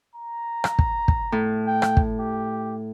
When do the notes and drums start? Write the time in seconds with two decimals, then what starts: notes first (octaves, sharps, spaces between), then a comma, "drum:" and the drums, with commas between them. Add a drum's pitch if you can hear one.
0.15 A#5
0.64 drum: rim click
0.79 drum: kick
1.08 drum: kick
1.32 A2
1.67 G5
1.82 drum: rim click
1.97 drum: kick
2.20 G4